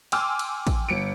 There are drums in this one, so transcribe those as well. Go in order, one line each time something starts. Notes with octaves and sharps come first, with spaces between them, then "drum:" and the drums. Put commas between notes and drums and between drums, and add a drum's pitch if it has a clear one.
G5 G#5 C6 D6 E6 F6, drum: cymbal
drum: cymbal
drum: kick A1, cymbal
G1 C#7 D7